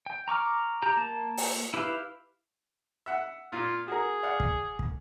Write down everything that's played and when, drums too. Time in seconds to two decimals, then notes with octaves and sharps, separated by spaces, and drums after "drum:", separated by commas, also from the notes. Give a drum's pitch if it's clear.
0.06 G5
0.28 A#5 C#6 D6 F6
0.82 G4 A#5
0.97 A#3 A5
1.37 drum: open hi-hat
1.74 E4 G4 B4 F5
3.06 E5 F#5
3.52 A#2 F4
3.88 F#4 G#4 A#4
4.23 D5 F5 F#5
4.40 drum: kick
4.79 drum: kick